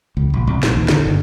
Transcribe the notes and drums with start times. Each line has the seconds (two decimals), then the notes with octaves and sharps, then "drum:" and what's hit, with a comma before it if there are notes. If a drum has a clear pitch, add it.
0.17 C#2
0.34 A#1
0.47 C2
0.63 A#1, drum: snare
0.76 D#2
0.88 D3, drum: snare
1.05 G1